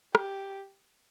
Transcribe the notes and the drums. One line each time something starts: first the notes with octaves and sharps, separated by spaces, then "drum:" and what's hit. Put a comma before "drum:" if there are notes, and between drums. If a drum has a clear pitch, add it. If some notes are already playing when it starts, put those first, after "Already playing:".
G4, drum: rim click